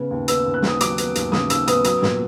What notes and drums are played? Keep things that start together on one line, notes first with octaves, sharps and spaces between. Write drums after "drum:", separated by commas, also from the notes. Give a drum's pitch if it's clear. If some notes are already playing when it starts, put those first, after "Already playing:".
Already playing: C#3 B3
D#2
B3 E6, drum: hi-hat
D#2
F#6
D#2, drum: snare
D#6
F#3 D6, drum: hi-hat
B3, drum: hi-hat
D#2, drum: hi-hat
C#3 D#6, drum: snare
D#2 E6, drum: hi-hat
B3 D#6, drum: hi-hat
F#3 D#6, drum: hi-hat
A#2, drum: snare